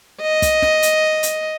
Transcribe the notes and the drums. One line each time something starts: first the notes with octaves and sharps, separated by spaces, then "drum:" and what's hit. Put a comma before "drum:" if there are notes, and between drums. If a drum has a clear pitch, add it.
D#5
drum: kick, hi-hat
drum: snare
drum: hi-hat
drum: hi-hat